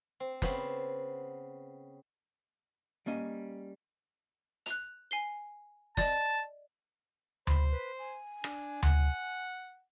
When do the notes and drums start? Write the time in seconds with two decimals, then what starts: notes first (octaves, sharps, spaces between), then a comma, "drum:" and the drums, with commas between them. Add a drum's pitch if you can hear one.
0.20 C4
0.42 C#3 B3 C4, drum: snare
3.06 G3 A#3 C#4 D#5
4.66 F#6 F7, drum: hi-hat
5.11 G#5 C7 G7
5.97 D5 D#5 A5, drum: snare
7.47 C5 B5, drum: tom D2
7.71 B4
7.99 G#5
8.44 D4, drum: rim click
8.83 F#5, drum: tom D2